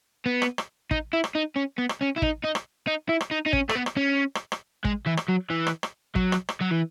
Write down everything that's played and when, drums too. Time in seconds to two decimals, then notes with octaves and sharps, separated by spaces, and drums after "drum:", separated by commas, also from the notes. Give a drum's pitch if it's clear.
0.26 B3
0.42 drum: rim click
0.58 drum: rim click
0.91 D#4, drum: kick
1.13 E4
1.24 drum: rim click
1.35 D#4
1.56 C#4
1.78 B3
1.89 drum: rim click
2.01 C#4
2.16 E4
2.22 D#4, drum: kick
2.44 D#4
2.55 drum: rim click
2.87 D#4
3.09 E4
3.21 drum: rim click
3.31 D#4
3.46 D#4
3.53 C#4, drum: kick
3.69 A3, drum: rim click
3.75 B3
3.86 drum: rim click
3.97 C#4
4.35 drum: rim click
4.52 drum: rim click
4.85 G#3, drum: kick
5.07 E3
5.17 drum: rim click
5.29 F#3
5.50 E3
5.67 drum: rim click
5.83 drum: rim click
6.16 F#3, drum: kick
6.32 drum: rim click
6.49 drum: rim click
6.61 F#3
6.71 E3